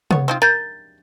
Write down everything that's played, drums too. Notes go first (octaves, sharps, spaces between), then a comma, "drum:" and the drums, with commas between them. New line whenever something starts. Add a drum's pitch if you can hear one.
B3 C#5, drum: tom
C4 D#4 F4
A#4 A#5 G6 A6